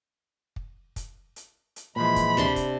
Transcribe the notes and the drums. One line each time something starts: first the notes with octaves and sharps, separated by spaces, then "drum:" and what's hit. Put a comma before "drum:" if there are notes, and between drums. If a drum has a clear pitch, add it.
drum: kick
drum: kick, hi-hat
drum: hi-hat
drum: hi-hat
A#2 E3 F3 G#3 B5
drum: kick, hi-hat
C3 D4 C6, drum: tom D2
drum: kick, hi-hat